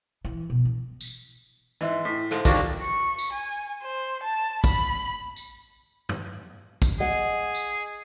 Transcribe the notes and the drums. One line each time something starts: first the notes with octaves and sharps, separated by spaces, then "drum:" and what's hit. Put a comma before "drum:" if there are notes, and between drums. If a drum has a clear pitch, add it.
E3
B2
D3
drum: tambourine
G#2 E3 D#5 E5
A2 E4 B6
G#2 G#3 A3 A4 C5 F5
D#3 F3 G3 A#3 D4 F#4 C#6, drum: kick, tambourine
C#6
drum: tambourine
G#5
C5
A5
B5, drum: kick, tambourine
drum: tambourine
drum: tom G2
drum: kick, tambourine
G#4 D#5 F#5
drum: tambourine